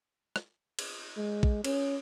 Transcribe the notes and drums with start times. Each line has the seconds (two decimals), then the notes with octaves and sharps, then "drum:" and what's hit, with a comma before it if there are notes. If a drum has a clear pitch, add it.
0.36 drum: rim click
0.79 drum: cymbal
1.17 G#3
1.43 drum: kick
1.64 C#4, drum: cymbal